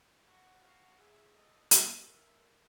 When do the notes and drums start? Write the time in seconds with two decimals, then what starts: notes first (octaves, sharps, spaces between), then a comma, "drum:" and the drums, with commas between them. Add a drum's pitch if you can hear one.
0.26 F#4 F#5
0.62 F#4 F5
0.98 G#4 E5
1.35 A4 D#5
1.71 A4 D#5, drum: hi-hat
2.07 A#4 E5